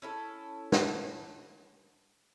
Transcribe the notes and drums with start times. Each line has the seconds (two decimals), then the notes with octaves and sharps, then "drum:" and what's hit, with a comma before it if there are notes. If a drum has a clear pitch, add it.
0.02 C#4 E4 A4
0.72 drum: snare